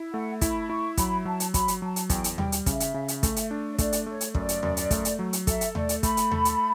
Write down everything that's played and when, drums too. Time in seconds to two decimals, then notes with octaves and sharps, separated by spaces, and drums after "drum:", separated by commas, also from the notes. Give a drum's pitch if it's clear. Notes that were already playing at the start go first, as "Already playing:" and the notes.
Already playing: E4
0.13 A3 F#5
0.41 E4 B5, drum: kick, hi-hat
0.61 B5
0.70 E4 C#6
0.97 F#3 B5, drum: kick, hi-hat
1.25 F#3 A5
1.40 drum: hi-hat
1.54 F#3 B5, drum: kick, hi-hat
1.68 drum: hi-hat
1.82 F#3 A5
1.96 drum: hi-hat
2.10 E2 G5, drum: kick, hi-hat
2.24 drum: hi-hat
2.38 G3 G5, drum: tom D#2
2.52 drum: hi-hat
2.66 C#3 E5, drum: kick, hi-hat
2.80 drum: hi-hat
2.94 C#3
3.08 drum: hi-hat
3.23 A3, drum: kick, hi-hat
3.36 drum: hi-hat
3.51 D4
3.73 C#5
3.78 A3 D5, drum: kick, hi-hat
3.93 drum: hi-hat
4.06 A3 C#5
4.21 drum: hi-hat
4.35 F#2 D5, drum: kick
4.49 drum: hi-hat
4.63 F#2, drum: tom D#2
4.77 drum: hi-hat
4.91 A3, drum: kick, hi-hat
5.05 drum: hi-hat
5.19 F#3
5.33 drum: hi-hat
5.47 A4 E5, drum: kick, hi-hat
5.61 drum: hi-hat
5.75 A3 D5, drum: tom D#2
5.89 drum: hi-hat
6.03 A3 B5, drum: kick, hi-hat
6.17 drum: hi-hat
6.31 A4, drum: tom D#2
6.45 drum: hi-hat